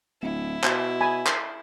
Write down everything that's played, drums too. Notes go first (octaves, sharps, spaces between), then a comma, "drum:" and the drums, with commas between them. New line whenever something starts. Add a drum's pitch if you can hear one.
D1 E4
B2, drum: clap
G#5 B5
drum: clap